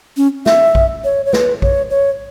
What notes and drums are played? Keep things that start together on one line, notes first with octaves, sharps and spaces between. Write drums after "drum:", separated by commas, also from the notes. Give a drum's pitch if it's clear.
C#4
E5, drum: snare
drum: kick A#1
C#5
C#5
B4, drum: snare
C#5, drum: kick A#1
C#5